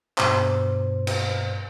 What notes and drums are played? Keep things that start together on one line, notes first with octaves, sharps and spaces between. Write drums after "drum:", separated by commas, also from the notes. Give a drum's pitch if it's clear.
G2 B2 C5, drum: clap
drum: cymbal